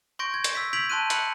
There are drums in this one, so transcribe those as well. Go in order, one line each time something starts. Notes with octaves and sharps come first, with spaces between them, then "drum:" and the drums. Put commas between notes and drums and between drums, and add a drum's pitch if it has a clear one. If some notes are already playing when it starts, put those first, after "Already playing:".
C6 C#6 G6 A#6 D7
G#6
drum: hi-hat
E6 B6
G6 G#6 B6 D7 F7 F#7
A5 C6 F#6 D#7
B5 F#6 C#7 F#7, drum: hi-hat